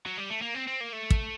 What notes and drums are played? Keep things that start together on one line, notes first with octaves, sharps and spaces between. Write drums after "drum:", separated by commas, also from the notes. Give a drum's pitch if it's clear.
F#3
G3
A3
A#3
C4
C4
A#3
A3
drum: kick